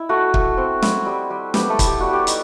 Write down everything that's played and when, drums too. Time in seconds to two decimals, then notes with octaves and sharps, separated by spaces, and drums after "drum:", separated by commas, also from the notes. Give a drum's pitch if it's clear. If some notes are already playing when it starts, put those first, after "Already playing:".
Already playing: E4
0.09 A3 F#4
0.34 A3, drum: kick
0.57 C4
0.82 E4, drum: snare
1.06 G3
1.30 G3
1.54 B3 G4, drum: snare
1.70 A3 A4
1.79 E4, drum: kick, hi-hat
1.87 G4
2.00 G3 F#4
2.13 G4
2.27 D#4, drum: hi-hat